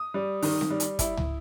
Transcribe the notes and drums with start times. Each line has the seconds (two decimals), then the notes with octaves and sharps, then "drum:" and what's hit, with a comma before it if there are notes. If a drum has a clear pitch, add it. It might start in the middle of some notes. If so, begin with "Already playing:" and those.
Already playing: D#6
0.14 G3
0.42 D#3, drum: open hi-hat
0.61 drum: snare C4
0.70 G3
0.80 drum: hi-hat
0.99 E4, drum: kick, hi-hat
1.17 drum: tom